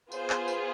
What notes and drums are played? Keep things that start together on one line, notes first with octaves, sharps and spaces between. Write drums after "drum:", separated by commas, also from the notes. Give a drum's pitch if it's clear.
B3 F4 G#4 C5, drum: tambourine
drum: clap
drum: tambourine